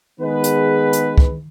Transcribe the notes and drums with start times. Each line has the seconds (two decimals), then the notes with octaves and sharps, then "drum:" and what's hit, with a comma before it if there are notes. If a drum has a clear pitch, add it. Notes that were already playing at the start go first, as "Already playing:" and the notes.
0.19 D#3 G#3 B3 G#4 B4
0.44 drum: hi-hat
0.93 drum: hi-hat
1.18 drum: kick